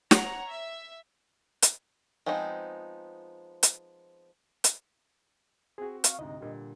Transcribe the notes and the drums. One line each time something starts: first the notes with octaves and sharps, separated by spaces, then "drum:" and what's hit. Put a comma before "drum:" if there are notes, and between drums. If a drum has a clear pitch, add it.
C#5 F#5 A#5, drum: snare
E5
drum: hi-hat
F3 G#3 B3 C4 D#4
drum: hi-hat
drum: hi-hat
C4 F#4 G#4
F5 C#6, drum: hi-hat
D2 G#2 C3 D#5
A#2 D3 G3